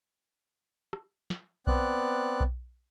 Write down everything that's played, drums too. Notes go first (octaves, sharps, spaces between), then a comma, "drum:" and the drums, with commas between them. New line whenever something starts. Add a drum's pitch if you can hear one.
drum: rim click
drum: snare
B3 C4 D5 F#6, drum: kick B1
drum: kick B1